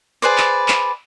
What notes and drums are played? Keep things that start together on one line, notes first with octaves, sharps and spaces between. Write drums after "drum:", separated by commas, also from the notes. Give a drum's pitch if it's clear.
G#4 B4 C5 D5
drum: clap
drum: clap